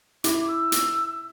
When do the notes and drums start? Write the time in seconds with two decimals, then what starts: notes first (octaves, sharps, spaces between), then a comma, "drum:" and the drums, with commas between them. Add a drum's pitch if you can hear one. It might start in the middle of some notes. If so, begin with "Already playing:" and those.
0.24 E4 D6, drum: hi-hat
0.48 E6
0.72 drum: hi-hat